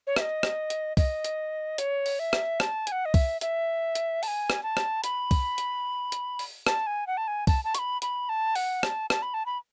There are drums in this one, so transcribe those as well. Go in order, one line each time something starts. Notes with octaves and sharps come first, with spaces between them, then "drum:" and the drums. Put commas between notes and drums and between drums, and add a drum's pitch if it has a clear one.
C#5
E5, drum: rim click
D#5
drum: rim click
drum: hi-hat
D#5, drum: kick, open hi-hat
drum: hi-hat
C#5, drum: hi-hat
drum: open hi-hat
E5
drum: rim click
A5, drum: rim click
G#5, drum: hi-hat
F#5
D#5
E5, drum: kick, open hi-hat
E5, drum: hi-hat
drum: hi-hat
A5, drum: open hi-hat
G#5
drum: rim click
A5
drum: rim click
B5, drum: hi-hat
drum: kick, open hi-hat
drum: hi-hat
drum: hi-hat
drum: open hi-hat
A5, drum: rim click
G#5
F#5
A5
G#5
A5, drum: kick, open hi-hat
A5
C#6, drum: hi-hat
B5
B5, drum: hi-hat
A5
F#5, drum: open hi-hat
A5, drum: rim click
A5, drum: rim click
B5
A5
B5